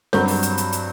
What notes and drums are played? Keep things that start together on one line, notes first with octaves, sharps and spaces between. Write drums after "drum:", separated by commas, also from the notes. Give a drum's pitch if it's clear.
G2 F#3 C4 G6, drum: snare
drum: open hi-hat
drum: hi-hat
drum: hi-hat
drum: hi-hat